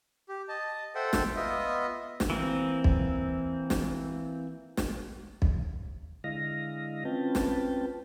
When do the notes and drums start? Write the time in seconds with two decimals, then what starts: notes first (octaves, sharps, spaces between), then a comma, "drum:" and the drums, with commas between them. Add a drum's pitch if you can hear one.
0.29 G4
0.48 D#5 A5
0.95 A4 C5 E5 F#5 G5
1.13 drum: snare
1.36 B3 F4 D#5 E5
2.20 drum: snare
2.30 E3 A#3 C4
2.84 drum: kick
3.70 drum: snare
4.77 drum: snare
5.42 drum: kick
6.24 D3 G#3 E4 D#5 F5 A#6
7.05 C4 C#4 F4 B4 G5 A5
7.35 drum: snare